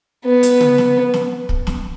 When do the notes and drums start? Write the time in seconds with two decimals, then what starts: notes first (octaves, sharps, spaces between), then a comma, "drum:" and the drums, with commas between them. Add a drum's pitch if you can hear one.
0.25 B3
0.43 drum: hi-hat
0.60 drum: tom C#3
0.78 drum: snare
1.14 drum: snare
1.49 drum: kick
1.67 drum: snare